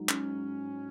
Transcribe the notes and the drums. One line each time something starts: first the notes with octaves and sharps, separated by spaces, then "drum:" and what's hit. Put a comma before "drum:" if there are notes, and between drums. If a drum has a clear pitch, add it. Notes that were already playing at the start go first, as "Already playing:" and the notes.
Already playing: G#2 F#3 D#4
C#4, drum: clap